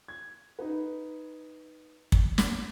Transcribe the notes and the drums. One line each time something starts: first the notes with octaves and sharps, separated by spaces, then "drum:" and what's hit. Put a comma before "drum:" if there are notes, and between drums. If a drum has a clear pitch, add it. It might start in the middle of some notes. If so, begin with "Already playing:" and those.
G#6
D#4 B4
drum: kick
drum: snare